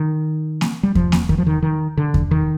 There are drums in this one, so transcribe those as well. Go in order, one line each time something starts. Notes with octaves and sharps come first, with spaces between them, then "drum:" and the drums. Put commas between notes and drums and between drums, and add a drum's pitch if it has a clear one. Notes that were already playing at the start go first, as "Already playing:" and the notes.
Already playing: D#3
drum: snare A#3
G3
F3, drum: kick E2
drum: snare A#3
D#3, drum: kick E2
F3
D#3
D#3
D3
drum: kick E2
D#3